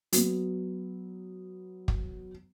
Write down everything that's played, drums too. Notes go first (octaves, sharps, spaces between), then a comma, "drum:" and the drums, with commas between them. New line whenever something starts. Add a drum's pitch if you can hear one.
F#3 B3, drum: hi-hat
drum: kick